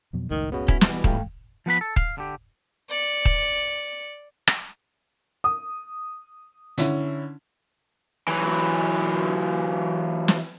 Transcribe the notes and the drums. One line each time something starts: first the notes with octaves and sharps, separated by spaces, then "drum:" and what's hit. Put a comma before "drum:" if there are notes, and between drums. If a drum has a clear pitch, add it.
F2 B2 F#3
F#1 C#2 A2 D#3
C#3 B3 F#4
C#4 E4, drum: kick D#1
B2 E3 G3, drum: snare
A1 G#2 G#3 A3 F5 G5, drum: kick D#1
F3 B3 B4 B5
A4
F5, drum: kick D#1
D3 G4
D5 C#7
drum: kick D#1
drum: rim click
D#6
D3 C#4 E4, drum: hi-hat
E3 F#3
drum: snare